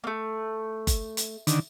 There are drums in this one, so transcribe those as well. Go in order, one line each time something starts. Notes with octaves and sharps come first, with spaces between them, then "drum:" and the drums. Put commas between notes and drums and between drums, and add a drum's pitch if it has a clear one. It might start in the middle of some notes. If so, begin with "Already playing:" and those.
A3 A#3
drum: kick F#1, hi-hat
drum: hi-hat
D3 D#3, drum: hi-hat